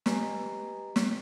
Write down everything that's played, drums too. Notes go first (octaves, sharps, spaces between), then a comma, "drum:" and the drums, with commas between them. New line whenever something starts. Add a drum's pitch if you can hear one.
G4 B4 D#5 G#5 A#5, drum: snare
drum: snare